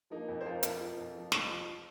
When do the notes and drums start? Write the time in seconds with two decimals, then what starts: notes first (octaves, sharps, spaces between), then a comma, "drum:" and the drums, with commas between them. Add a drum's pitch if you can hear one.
0.10 F3 A#3 D#4
0.28 F2
0.41 C5
0.45 F3 F4 A#4
0.63 F2, drum: hi-hat
0.80 F3
0.97 F2
1.15 F3
1.32 F2, drum: snare
1.48 F3